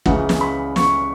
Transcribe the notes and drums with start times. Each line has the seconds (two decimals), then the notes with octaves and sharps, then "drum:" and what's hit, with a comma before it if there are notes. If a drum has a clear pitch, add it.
0.06 C#2 C#3 E3 F#5, drum: kick
0.29 drum: snare
0.41 B5
0.76 C#6, drum: snare